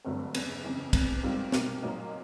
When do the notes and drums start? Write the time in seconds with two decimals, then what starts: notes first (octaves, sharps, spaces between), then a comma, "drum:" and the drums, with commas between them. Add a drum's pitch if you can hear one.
0.05 G#1 G2 D3 F#3 A3
0.35 F#1 E2 C#3, drum: cymbal
0.64 F2 C#3 E3
0.93 F1 E2 C3, drum: kick, cymbal
1.23 G#2 D#3 G3 C4 F4
1.52 C2 B2 G3 A#3, drum: snare
1.82 A#2 F#3 A#3 D#4